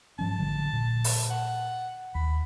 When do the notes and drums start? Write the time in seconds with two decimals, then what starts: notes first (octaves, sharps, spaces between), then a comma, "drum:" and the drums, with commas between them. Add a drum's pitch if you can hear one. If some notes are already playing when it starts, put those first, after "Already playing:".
0.19 G#2 F3 C#4 A5
0.38 A1 D3 F#3
0.73 A#2
1.04 drum: open hi-hat
1.31 F#5
2.15 D#2 B5